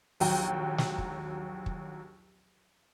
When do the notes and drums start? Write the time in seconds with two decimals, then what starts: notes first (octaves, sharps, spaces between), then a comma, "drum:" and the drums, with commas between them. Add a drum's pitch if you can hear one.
0.20 A#1 D#2 F#3 G5 A#5, drum: open hi-hat
0.78 drum: snare
0.98 drum: kick
1.66 drum: kick